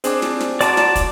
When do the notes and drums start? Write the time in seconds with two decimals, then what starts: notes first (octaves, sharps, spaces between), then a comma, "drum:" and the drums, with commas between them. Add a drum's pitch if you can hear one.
0.04 C4 D4 G#4 C5 D5 D6, drum: hi-hat
0.22 drum: snare
0.40 drum: snare
0.61 F#4 D5 A5 A#5 C6 D6, drum: hi-hat
0.77 drum: snare
0.95 drum: kick, hi-hat